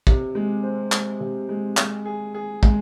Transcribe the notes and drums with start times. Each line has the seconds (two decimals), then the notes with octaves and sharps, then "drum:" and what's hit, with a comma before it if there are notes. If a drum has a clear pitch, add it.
0.07 C3, drum: kick
0.35 G#3
0.63 C4
0.92 G#3, drum: clap
1.20 C3
1.49 G#3
1.77 G#3, drum: clap
2.06 G#4
2.34 G#4
2.63 G#3, drum: kick